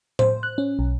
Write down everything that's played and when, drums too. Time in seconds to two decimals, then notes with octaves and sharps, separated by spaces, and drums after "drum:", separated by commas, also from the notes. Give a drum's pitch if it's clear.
0.19 C5, drum: tom A2
0.43 F#6
0.58 C#4
0.79 B1